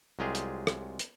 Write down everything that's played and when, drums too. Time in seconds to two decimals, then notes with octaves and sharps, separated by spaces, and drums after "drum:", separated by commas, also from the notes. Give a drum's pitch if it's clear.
0.19 C2 F#3 G#3 F4 G4 G#4
0.35 drum: hi-hat
0.67 drum: rim click
0.99 drum: hi-hat